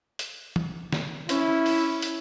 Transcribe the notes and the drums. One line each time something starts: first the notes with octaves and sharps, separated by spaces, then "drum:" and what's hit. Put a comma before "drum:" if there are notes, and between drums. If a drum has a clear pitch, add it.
drum: hi-hat
drum: tom
drum: snare
C#4 E4, drum: hi-hat
drum: open hi-hat
drum: hi-hat